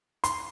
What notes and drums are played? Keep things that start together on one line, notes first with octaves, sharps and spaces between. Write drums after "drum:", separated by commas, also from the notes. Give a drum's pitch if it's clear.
C6, drum: hi-hat